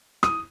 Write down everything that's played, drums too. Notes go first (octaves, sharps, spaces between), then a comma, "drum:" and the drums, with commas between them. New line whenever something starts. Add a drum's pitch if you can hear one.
D#6, drum: rim click